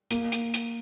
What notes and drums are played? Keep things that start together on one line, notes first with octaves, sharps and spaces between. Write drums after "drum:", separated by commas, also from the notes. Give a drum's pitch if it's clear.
A#3, drum: hi-hat
drum: hi-hat
drum: hi-hat